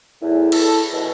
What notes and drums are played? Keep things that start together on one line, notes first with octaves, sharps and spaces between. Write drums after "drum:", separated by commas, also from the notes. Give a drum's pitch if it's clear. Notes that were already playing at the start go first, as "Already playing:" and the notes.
E2 A2 E4
A4, drum: cymbal
F#2 B2